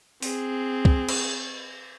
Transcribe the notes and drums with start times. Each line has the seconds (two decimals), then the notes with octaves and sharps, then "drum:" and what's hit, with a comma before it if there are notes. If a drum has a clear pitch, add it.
0.22 C4 G#4, drum: open hi-hat
0.85 drum: kick
1.09 drum: cymbal